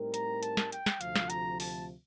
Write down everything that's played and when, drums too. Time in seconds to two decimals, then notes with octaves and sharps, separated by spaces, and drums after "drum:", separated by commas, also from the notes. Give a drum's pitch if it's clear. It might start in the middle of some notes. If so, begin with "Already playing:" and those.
Already playing: A2 G3 C4 D#4 A#4
0.14 A#5, drum: hi-hat
0.43 A5, drum: hi-hat
0.57 drum: snare
0.72 G5, drum: hi-hat
0.86 drum: snare
1.01 D2 C3 F3 F5, drum: hi-hat
1.16 drum: snare
1.30 A#5, drum: hi-hat
1.60 A5, drum: open hi-hat